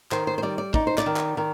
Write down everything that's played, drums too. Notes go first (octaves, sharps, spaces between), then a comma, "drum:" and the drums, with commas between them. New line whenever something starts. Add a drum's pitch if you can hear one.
D#3 C5, drum: clap
C5
C5
G3 D5
D5
D#4 D5, drum: kick
C5
D5, drum: clap
D#3
drum: clap
D#3